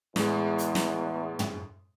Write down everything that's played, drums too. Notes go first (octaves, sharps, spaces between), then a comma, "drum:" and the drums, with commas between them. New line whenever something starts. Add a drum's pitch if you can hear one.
E2 A2 G#3, drum: snare
drum: hi-hat
drum: snare
drum: tom